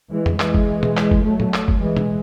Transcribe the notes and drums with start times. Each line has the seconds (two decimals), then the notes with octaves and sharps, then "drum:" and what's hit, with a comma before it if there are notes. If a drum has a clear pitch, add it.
0.11 E3 G#3
0.26 drum: tom F2
0.40 E3 G#3, drum: clap
0.54 drum: kick F#1
0.83 drum: tom
0.97 drum: clap
1.11 drum: kick F#1
1.26 F#3 A3
1.40 drum: tom
1.54 drum: clap
1.68 drum: kick F#1
1.83 E3 G#3
1.97 drum: tom